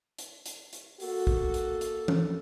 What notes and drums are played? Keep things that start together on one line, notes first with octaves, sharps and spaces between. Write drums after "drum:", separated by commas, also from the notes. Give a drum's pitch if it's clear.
drum: hi-hat
drum: hi-hat
drum: hi-hat
A#3 F#4 A4, drum: open hi-hat
drum: kick
drum: hi-hat
drum: hi-hat
drum: tom E3